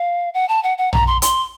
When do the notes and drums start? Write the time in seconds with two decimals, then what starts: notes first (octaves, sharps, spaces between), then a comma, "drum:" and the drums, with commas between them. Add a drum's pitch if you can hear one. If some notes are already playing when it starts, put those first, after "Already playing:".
Already playing: F5
0.34 F#5
0.49 A5
0.63 F#5
0.78 F#5
0.93 A#5, drum: tom A#1
1.07 C6
1.22 C6, drum: hi-hat